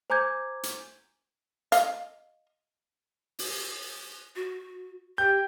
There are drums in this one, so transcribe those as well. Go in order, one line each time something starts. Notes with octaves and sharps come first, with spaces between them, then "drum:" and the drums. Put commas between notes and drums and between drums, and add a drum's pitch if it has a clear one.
C5 G#5 A#5 D6 G6 G#6
drum: hi-hat
D#5 F5, drum: hi-hat
drum: open hi-hat
F#4
G4 G5 G6